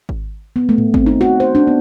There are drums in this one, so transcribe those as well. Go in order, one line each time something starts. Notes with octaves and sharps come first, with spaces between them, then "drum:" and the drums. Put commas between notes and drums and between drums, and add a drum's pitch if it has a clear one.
drum: kick G#1
B3
A3
drum: tom G#2
C4, drum: kick G#1
D#4
F#4
C5
D4
B3